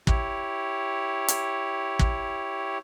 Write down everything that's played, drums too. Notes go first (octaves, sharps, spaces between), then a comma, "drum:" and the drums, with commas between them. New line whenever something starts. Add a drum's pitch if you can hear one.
E4 G4 C#5, drum: kick
drum: hi-hat
drum: kick